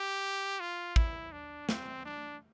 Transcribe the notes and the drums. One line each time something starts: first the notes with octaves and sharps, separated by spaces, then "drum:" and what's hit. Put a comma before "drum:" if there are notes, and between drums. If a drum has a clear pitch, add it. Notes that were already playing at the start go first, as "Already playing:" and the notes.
Already playing: G4
F4
E4, drum: kick
D4
C4, drum: snare
D4